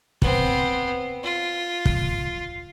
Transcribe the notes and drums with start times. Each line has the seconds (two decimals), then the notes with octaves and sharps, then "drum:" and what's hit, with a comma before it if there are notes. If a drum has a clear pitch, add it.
0.22 B3 C4, drum: kick
1.24 F4
1.85 drum: kick